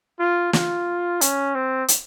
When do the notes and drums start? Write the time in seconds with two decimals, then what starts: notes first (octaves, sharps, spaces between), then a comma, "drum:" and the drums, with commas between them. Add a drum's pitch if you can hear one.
0.19 F4
0.53 F4, drum: snare
1.21 C#4, drum: hi-hat
1.55 C4
1.88 drum: hi-hat